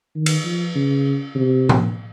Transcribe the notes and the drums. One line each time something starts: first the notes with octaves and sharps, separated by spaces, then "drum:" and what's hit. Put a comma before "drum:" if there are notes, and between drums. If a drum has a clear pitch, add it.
D#3
drum: cymbal
F3
C#3
C3
drum: tom A2